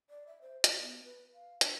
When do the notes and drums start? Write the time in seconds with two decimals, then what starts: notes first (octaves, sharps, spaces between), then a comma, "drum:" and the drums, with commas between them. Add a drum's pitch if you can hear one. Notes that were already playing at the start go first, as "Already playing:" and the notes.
0.10 D5
0.27 E5
0.42 C5
0.64 F#4, drum: hi-hat
0.82 B3
1.04 B4
1.33 F5
1.61 D4, drum: hi-hat